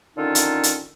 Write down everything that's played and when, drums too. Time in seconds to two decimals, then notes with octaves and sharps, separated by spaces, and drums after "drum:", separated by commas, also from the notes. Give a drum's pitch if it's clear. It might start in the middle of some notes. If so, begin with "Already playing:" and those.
0.17 D3 D#3 C#4 D#4 F4 A4
0.35 drum: hi-hat
0.63 drum: hi-hat